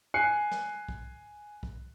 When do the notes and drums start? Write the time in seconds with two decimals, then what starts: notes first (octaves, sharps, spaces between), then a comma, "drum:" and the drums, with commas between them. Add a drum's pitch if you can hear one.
0.14 G#5 F#6 C7 C#7
0.51 drum: snare
0.89 drum: kick B1
1.63 drum: kick B1